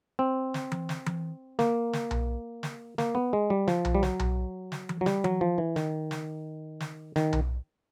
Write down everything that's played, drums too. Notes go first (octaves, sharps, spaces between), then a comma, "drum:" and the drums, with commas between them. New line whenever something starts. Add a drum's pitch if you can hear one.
C4
drum: snare
drum: tom E3
drum: snare
drum: tom E3
A#3, drum: snare
drum: snare
drum: tom B1
drum: snare
A#3, drum: snare
B3
G#3
G3
F3, drum: snare
drum: tom B1
G3
F#3, drum: snare
drum: tom B1
drum: snare
drum: tom E3
F#3
G3, drum: snare
F#3, drum: tom E3
F3
E3
D#3, drum: snare
drum: snare
drum: snare
D#3, drum: snare
drum: tom B1